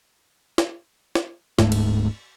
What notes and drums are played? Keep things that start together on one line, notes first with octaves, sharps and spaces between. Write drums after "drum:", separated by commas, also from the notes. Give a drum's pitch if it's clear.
drum: snare
drum: snare
D1 G#2 A3, drum: snare
drum: cymbal